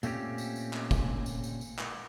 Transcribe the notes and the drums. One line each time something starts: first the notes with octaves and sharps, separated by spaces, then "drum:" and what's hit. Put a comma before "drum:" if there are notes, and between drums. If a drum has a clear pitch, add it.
A#2 A3 C4 C#4 G4, drum: tambourine
drum: tambourine
drum: tambourine
drum: clap
drum: kick, tambourine
drum: tambourine
drum: tambourine
drum: tambourine
drum: clap